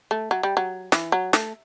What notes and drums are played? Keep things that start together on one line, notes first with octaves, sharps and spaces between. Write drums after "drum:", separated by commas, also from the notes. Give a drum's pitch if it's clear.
A3
F#3
G3
F#3
E3, drum: snare
F#3
A3, drum: snare